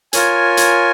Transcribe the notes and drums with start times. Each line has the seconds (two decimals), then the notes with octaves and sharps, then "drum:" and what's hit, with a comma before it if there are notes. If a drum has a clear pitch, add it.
0.13 F4 A#4 C#5 G#5, drum: hi-hat
0.57 drum: hi-hat